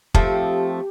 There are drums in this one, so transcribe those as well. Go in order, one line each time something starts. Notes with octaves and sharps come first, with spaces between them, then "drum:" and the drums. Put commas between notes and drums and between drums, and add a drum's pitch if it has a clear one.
F3 A3 C4 G4, drum: kick